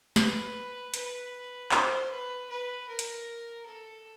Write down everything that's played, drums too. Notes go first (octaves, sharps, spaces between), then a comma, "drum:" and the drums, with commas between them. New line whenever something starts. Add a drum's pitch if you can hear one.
B4, drum: snare
B4, drum: hi-hat
C5, drum: clap
B4
B4
A#4
drum: hi-hat
A4